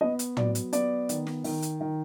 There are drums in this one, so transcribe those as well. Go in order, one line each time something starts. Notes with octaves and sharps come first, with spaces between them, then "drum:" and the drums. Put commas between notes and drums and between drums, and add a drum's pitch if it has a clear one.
B3 D#5
drum: hi-hat
F#3 D5, drum: tom
drum: hi-hat
B3 D5, drum: hi-hat
D#3, drum: hi-hat
drum: snare
D#3, drum: open hi-hat
drum: hi-hat
D#3